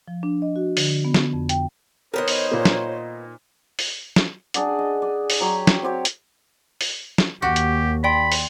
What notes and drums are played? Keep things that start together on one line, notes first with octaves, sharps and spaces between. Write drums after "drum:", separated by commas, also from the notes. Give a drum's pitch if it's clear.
F3
D4
D#5
F#4
D3, drum: open hi-hat
B3
drum: snare
F2
G5, drum: hi-hat
D#3 B3 D#4 A#4 C5 C#5 D#5
drum: open hi-hat
A#2 A#3
drum: snare
drum: open hi-hat
drum: snare
D4 G#4 D5 F#5, drum: hi-hat
D#5
D5
drum: open hi-hat
F#3 G4 C#5
drum: snare
C4 F#4 G4 C#5
drum: hi-hat
drum: open hi-hat
drum: snare
D#2 F#4 G4
drum: hi-hat
D5 G5 B5 C6
drum: open hi-hat